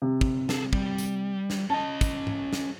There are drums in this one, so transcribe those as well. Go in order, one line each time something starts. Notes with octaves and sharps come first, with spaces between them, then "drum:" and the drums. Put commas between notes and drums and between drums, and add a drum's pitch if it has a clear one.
C3
drum: kick
G#4 A4, drum: snare
G3, drum: kick
drum: tambourine
drum: snare
C#4 D#5 A5
drum: kick, tambourine
drum: tom G#2
drum: snare